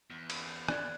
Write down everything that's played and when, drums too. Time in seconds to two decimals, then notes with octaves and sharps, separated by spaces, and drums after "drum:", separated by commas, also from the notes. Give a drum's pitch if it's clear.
0.10 E2
0.30 drum: cymbal
0.68 D5 F#6 G#6, drum: rim click